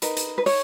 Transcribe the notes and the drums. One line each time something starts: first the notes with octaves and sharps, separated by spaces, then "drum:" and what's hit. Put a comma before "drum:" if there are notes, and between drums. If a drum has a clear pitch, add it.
D#4 A#4 B4, drum: hi-hat
drum: hi-hat
B4
C#5, drum: open hi-hat